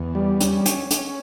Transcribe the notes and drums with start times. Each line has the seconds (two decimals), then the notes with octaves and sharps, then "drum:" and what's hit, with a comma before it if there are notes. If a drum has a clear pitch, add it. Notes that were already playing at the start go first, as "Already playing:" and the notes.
Already playing: E2
0.15 G3
0.40 C#4, drum: hi-hat
0.66 C#4, drum: hi-hat
0.91 C#4, drum: hi-hat